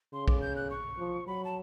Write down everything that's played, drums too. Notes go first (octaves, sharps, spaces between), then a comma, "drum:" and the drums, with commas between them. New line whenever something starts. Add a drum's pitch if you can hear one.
C#3 C6
D6, drum: kick A#1
G6
F#6
C#6
F3
F#3 B5
A5